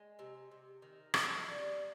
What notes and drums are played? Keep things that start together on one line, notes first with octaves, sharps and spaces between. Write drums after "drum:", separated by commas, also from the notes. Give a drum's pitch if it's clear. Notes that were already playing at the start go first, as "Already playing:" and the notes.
Already playing: G#3
C3
C3
D#3
D#3, drum: rim click
G3
A#3